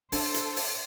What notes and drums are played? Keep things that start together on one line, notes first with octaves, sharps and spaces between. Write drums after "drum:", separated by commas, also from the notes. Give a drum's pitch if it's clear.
D4 A4 C5, drum: open hi-hat
drum: hi-hat
drum: open hi-hat